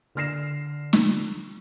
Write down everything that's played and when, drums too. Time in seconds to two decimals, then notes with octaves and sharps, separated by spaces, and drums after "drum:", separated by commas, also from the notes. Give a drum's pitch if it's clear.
0.15 D3 D5 F6 A#6 C7 E7
0.93 drum: snare